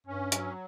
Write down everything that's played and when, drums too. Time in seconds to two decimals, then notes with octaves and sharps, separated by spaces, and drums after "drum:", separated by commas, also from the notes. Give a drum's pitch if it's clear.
0.06 G2 C#4
0.32 F#3, drum: hi-hat